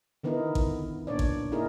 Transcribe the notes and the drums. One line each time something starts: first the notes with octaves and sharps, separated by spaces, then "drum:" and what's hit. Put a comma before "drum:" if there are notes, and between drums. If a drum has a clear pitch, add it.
D3 D#3 B3 D#4 E4 A#4
drum: kick A1
A#2 D4 C#5 D5
drum: kick A1
A#3 D#4 E4 G#4 A#4